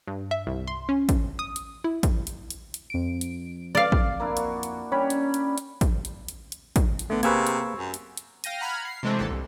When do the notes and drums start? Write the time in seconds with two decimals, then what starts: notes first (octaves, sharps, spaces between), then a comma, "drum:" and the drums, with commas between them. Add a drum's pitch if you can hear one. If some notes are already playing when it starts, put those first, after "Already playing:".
0.07 G2
0.31 E5
0.47 C2
0.68 C6
0.89 C#4
1.09 drum: kick, hi-hat
1.39 D#6
1.56 drum: hi-hat
1.84 E4
2.03 drum: kick, hi-hat
2.27 drum: hi-hat
2.50 drum: hi-hat
2.74 drum: hi-hat
2.90 F2 D7
3.21 drum: hi-hat
3.75 D5 F5
3.92 drum: kick
4.20 A#3 D4 E4
4.37 F#4, drum: hi-hat
4.63 drum: hi-hat
4.92 G3 C#4 D4 C#5 B5
5.10 drum: hi-hat
5.34 drum: hi-hat
5.58 drum: hi-hat
5.81 drum: kick, hi-hat
6.05 drum: hi-hat
6.28 drum: hi-hat
6.52 drum: hi-hat
6.76 drum: kick, hi-hat
6.99 drum: hi-hat
7.10 D3 A3 B3
7.23 C3 A#3 G#4 B4 C#6 E6 G#6, drum: hi-hat
7.47 drum: hi-hat
7.78 F#2
7.94 drum: hi-hat
8.17 drum: hi-hat
8.44 F5 G5 A#6 D#7, drum: hi-hat
8.60 F#5 A#5 B5 F6 G#6
8.85 C7
9.03 C3 E3 G#3 A3 C4 D4
9.19 G#1 D#2 E3 A4
9.30 C2